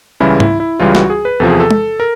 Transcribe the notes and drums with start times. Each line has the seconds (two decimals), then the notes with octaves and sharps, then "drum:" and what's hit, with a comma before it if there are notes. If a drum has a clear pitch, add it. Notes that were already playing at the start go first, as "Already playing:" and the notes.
0.20 C#2 C#3 E3 G3 E4
0.40 E4, drum: tom G#2
0.60 E4
0.80 C#2 C#3 E3 G3 F4
0.95 F#4, drum: snare
1.10 G#4
1.25 B4
1.40 E2 C3 F3 A4
1.50 G#4
1.60 A4
1.71 drum: tom
2.00 A#4